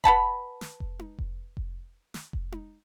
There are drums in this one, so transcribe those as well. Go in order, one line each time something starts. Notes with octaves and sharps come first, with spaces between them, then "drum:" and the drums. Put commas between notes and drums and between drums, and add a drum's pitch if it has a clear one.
B4 F#5 A5 B5, drum: kick F1
drum: snare
drum: kick F1
drum: tom D#4
drum: kick F1
drum: kick F1
drum: snare
drum: kick F1
drum: tom D#4